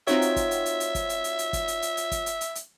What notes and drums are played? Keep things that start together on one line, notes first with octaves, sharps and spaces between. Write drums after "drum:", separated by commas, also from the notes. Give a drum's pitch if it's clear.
C4 D#4 F4 F#4 C#5 E5, drum: hi-hat
drum: hi-hat
drum: kick, hi-hat
drum: hi-hat
drum: hi-hat
drum: hi-hat
drum: kick, hi-hat
drum: hi-hat
drum: hi-hat
drum: hi-hat
drum: kick, hi-hat
drum: hi-hat
drum: hi-hat
drum: hi-hat
drum: kick, hi-hat
drum: hi-hat
drum: hi-hat
drum: hi-hat